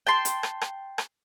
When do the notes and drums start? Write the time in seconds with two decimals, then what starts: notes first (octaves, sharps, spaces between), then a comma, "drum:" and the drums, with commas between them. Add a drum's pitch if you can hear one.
0.07 G5 A5 C6
0.25 drum: hi-hat
0.43 drum: rim click
0.61 drum: rim click
0.98 drum: rim click